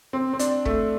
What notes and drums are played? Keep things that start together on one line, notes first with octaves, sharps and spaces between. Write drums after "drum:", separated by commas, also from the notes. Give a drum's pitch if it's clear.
C4
C4
D4, drum: hi-hat
A3, drum: kick